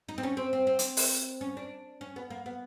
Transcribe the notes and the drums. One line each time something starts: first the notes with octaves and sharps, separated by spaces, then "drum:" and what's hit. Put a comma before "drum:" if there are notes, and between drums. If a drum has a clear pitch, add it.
D#4
C4
C#4
C4
C4
C4
drum: hi-hat
drum: open hi-hat
C#4
D4
C#4
B3
A#3
B3